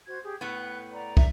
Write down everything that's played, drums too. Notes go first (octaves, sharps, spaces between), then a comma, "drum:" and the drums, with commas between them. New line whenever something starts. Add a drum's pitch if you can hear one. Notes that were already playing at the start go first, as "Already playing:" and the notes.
F#4 C5 G#6
G4 G#4
A2 B3 F#6
D5 A#5
E5, drum: kick